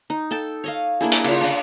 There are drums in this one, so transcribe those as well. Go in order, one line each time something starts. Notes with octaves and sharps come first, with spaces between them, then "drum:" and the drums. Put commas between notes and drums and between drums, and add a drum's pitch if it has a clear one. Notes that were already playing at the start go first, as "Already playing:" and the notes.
D#4
A4 G5 A5
C#5 D#5 F5
A#3 D4 E4 G#4
drum: hi-hat
C#3 F4, drum: cymbal
D4 D5 D#5 B5